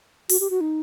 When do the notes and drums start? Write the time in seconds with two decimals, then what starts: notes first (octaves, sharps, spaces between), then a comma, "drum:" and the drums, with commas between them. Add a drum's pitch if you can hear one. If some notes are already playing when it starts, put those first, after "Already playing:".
0.30 F#4, drum: open hi-hat
0.40 G4
0.50 F#4
0.61 D#4